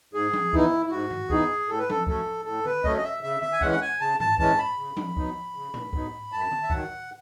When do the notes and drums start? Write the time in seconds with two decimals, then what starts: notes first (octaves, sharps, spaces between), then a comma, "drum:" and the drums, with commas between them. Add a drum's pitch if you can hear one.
0.13 G#2 G#4
0.33 drum: tom F3
0.53 E3 B3 D#4 E4, drum: kick
0.86 E4
0.91 G#2 F#4
1.11 drum: tom G2
1.30 E3 B3 D#4 G#4, drum: kick
1.68 A2 A4
1.79 B4
1.90 A4, drum: tom F3
2.07 F#3 A3 C#4 A4, drum: kick
2.45 A2 A4
2.65 B4, drum: tom D3
2.84 F#3 A3 C#4 D#5, drum: kick
2.97 D#5
3.03 E5
3.22 C#3 E5
3.42 E5, drum: tom D3
3.53 G#5
3.61 E3 G#3 C#4 F#5, drum: kick
3.72 F#5
3.81 G#5
4.00 C#3 A5
4.20 A5, drum: tom G2
4.38 E3 G#3 C#4 A5, drum: kick
4.58 B5
4.77 C#3
4.97 drum: tom F3
5.17 F#3 B3 D#4, drum: kick
5.55 C#3
5.74 drum: tom
5.93 F#3 B3 D#4, drum: kick
6.32 F#2 A5
6.51 drum: tom D3
6.63 E5
6.70 D#3 F#3 F#5, drum: kick